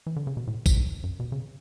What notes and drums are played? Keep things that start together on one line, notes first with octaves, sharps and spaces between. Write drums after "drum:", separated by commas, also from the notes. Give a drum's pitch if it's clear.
E3
D3
C#3
B2
A2
A2, drum: kick, tambourine
G#2
F#2
B2
C#3